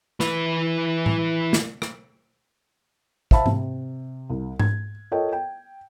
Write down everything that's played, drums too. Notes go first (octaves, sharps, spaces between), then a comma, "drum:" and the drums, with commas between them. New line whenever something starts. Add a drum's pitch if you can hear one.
E3 B4, drum: snare
drum: tom A2
drum: snare
drum: rim click
C5 E5 F5 A5 B5, drum: kick
C3, drum: tom G#2
C2
G#6, drum: tom G#2
F4 A4 A#4 C#5 D#5 G5
G5